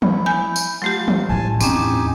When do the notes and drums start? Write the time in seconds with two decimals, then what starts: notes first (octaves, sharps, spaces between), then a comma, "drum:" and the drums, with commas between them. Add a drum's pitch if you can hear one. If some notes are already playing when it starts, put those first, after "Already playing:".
0.02 E4, drum: tom E3
0.26 G#5 G6
0.56 drum: tambourine
0.82 F#3 A3 F4 G4
1.08 drum: tom E3
1.29 A2 G3 G#5 A5
1.61 E2 A2 C4 C#4 D#4 G4 G#5, drum: tambourine